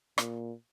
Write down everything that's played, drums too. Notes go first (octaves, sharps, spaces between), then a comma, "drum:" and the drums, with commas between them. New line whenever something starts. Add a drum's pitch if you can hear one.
A#2, drum: rim click